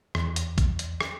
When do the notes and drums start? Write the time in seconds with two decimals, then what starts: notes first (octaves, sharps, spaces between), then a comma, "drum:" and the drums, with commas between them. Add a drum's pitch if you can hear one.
0.15 E2, drum: rim click
0.36 drum: hi-hat
0.58 drum: kick A#1, hi-hat
0.79 drum: hi-hat
1.01 drum: rim click